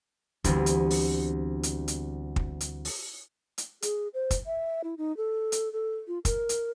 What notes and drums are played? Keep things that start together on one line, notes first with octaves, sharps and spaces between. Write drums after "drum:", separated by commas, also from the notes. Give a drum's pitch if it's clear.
D2 E3 G3 B3 C4, drum: kick, hi-hat
drum: hi-hat
drum: open hi-hat
drum: hi-hat
drum: hi-hat
drum: kick
drum: hi-hat
drum: open hi-hat
drum: hi-hat
G#4, drum: hi-hat
C5
drum: kick, hi-hat
E5
E4
D#4
A4
drum: hi-hat
A4
F4
A#4, drum: kick, hi-hat
drum: hi-hat